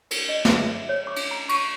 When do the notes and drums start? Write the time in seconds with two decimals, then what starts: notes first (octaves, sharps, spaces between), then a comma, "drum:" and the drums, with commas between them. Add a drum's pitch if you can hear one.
0.11 A#4, drum: cymbal
0.29 D#5
0.45 G#4, drum: snare
0.59 E5
0.89 C#5
1.07 D6
1.16 drum: cymbal
1.31 A#5
1.49 C#6, drum: cymbal